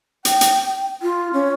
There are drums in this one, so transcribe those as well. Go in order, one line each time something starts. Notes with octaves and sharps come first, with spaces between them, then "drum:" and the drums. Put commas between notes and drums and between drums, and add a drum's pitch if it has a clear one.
G5, drum: hi-hat
drum: hi-hat
F4
C#4